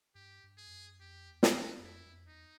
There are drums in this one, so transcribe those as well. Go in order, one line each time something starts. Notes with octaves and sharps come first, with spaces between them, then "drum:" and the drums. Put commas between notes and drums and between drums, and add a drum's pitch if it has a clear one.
G2 G4
G2
G#4
F2
F#2
F2 G4
E2
F#4, drum: snare
F#2
F2 E4
F2
E2 D#4